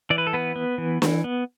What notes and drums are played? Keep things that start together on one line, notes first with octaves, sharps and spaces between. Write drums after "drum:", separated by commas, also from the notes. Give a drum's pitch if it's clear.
E3 D5
B4
A4
B3 B4
B3
E3
E3, drum: snare
B3